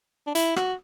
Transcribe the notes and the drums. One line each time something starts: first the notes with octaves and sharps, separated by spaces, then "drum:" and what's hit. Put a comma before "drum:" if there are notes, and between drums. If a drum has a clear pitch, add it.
D4
E4, drum: hi-hat
F#4, drum: rim click